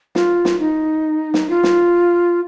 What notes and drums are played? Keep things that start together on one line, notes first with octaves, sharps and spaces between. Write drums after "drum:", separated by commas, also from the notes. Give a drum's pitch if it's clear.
F4, drum: snare
drum: snare
D#4
drum: snare
F4
drum: snare